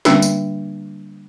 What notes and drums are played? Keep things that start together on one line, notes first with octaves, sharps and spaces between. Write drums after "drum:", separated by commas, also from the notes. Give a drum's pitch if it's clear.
D3 G3 A#3 D4, drum: snare
drum: tambourine